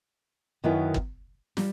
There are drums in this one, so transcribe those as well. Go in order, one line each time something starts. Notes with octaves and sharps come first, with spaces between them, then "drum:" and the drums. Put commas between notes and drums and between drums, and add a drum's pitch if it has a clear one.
F#2 D#3 F#3 B3 E4
drum: kick
G3, drum: snare